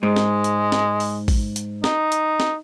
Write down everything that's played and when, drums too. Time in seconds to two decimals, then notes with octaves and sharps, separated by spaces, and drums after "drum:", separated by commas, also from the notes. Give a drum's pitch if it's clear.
0.03 G#2 G#3
0.16 drum: snare
0.44 drum: hi-hat
0.72 drum: snare
1.00 drum: open hi-hat
1.28 drum: kick, open hi-hat
1.56 drum: hi-hat
1.84 D#4, drum: snare
2.12 drum: hi-hat
2.40 drum: snare